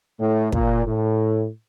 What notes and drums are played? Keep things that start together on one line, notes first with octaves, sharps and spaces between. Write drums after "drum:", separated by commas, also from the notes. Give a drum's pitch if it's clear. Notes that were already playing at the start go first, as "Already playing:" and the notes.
A2
A#2, drum: kick
A2